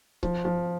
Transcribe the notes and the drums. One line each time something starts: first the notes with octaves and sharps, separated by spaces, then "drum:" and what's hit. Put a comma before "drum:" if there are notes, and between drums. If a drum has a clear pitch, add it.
F3, drum: kick C#1
F3